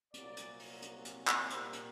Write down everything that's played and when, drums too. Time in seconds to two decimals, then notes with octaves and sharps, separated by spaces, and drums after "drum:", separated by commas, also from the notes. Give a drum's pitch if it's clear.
0.14 C2 A#2 F#3 D5, drum: hi-hat
0.37 drum: hi-hat
0.59 drum: open hi-hat
0.82 drum: hi-hat
1.05 drum: hi-hat
1.28 drum: clap
1.50 A#2 G3 A#3 C5, drum: hi-hat
1.73 drum: hi-hat